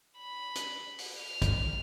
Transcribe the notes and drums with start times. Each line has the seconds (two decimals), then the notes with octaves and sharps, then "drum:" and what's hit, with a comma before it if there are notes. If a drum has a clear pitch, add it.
0.19 B5
0.55 drum: hi-hat
0.98 drum: open hi-hat
1.20 F6
1.42 drum: kick, hi-hat